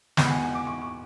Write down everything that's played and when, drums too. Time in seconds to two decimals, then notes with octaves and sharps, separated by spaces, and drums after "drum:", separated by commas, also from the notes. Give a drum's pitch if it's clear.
0.17 E2 B2 G#3 B3 B5, drum: snare
0.26 F#5
0.30 G#5
0.42 F#5
0.55 D6
0.67 C#6
0.82 C#6